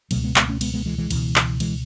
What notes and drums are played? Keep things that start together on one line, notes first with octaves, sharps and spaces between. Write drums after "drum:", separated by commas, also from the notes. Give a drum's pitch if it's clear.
C#2 B2 F#3 A3, drum: cymbal
G#3 B3
G#3 B3, drum: clap
A3 C#4
G#3 B3, drum: cymbal
G#3 B3
E3 G#3
E3 G#3
C#2 B2 E3, drum: cymbal
drum: clap
E3 G#3, drum: cymbal